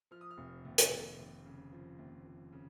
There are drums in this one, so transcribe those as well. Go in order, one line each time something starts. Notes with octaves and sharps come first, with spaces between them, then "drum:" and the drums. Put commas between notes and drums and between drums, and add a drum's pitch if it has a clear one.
F3 F6
D#6
F6
F1
D#2
drum: hi-hat
D#2
D#2
C#3
F3
D#2
F3
C#3